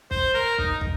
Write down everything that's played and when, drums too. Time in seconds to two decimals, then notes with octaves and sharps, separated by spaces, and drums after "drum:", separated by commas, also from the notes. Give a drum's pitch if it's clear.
0.11 C5, drum: kick
0.34 A#4
0.58 D#4, drum: kick
0.81 drum: kick